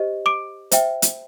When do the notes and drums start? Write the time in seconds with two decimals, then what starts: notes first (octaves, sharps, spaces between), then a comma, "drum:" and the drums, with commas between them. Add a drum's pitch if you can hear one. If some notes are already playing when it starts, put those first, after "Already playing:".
Already playing: G4 C5 D#5
0.26 D6 D7
0.72 C5 E5 G5, drum: hi-hat
1.02 drum: hi-hat